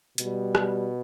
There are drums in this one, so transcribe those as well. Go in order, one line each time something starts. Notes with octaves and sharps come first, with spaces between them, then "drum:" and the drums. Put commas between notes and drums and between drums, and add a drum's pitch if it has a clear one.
B2 G3, drum: hi-hat
drum: rim click